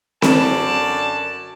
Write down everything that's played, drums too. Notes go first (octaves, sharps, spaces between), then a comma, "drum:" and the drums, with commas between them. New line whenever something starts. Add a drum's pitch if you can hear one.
F#2 D3 D5 A5, drum: snare C4